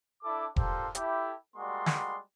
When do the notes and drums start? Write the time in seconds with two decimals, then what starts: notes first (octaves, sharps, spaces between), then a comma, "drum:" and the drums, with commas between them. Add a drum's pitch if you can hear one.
0.23 D4 E4 A4 A5 D6
0.56 D4 F4 G4 A4 A#4 C5, drum: kick E1
0.95 E4 G4 A4, drum: hi-hat
1.56 G3 G#3 A#3 F#4 D5 C6
1.86 drum: snare